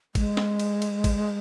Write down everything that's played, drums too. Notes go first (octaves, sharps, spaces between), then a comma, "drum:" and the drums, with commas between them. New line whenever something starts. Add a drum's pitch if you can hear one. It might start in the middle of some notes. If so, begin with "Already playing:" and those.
G#3, drum: kick, cymbal
drum: snare
drum: cymbal
drum: cymbal
drum: kick, cymbal